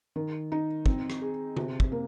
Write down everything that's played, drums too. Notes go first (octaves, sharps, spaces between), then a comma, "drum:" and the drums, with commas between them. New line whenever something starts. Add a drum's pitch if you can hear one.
D#3
D#4
C4, drum: kick
drum: rim click
G#4
C3, drum: tom D3
drum: kick
A#3